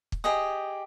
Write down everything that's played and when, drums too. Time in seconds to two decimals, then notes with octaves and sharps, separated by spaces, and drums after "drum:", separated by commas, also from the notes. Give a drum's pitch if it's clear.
0.12 drum: kick
0.24 G4 G#4 D#5 D#6